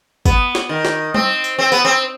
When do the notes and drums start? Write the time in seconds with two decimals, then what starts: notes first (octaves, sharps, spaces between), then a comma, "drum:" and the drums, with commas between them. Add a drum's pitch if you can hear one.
0.25 B3, drum: kick, tambourine
0.55 drum: snare
0.69 D#3
0.85 drum: snare
1.14 C4, drum: tom G3
1.44 drum: tambourine
1.59 C4
1.72 B3, drum: tambourine
1.85 C4